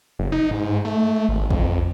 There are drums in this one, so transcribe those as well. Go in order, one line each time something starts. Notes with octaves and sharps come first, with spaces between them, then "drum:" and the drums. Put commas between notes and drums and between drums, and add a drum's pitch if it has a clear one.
F#1
D#4
G#2
A3
G#1
F2, drum: kick